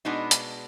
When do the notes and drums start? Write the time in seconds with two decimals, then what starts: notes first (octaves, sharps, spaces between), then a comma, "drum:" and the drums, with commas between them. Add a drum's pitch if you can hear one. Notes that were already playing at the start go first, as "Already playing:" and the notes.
0.05 B2 G#3 B3 D4 D#4
0.31 drum: hi-hat